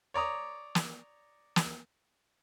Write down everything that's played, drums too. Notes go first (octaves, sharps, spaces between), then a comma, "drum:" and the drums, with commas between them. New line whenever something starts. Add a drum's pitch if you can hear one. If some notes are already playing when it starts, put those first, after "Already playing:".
C#5 D5 A#5 D#6
drum: snare
drum: snare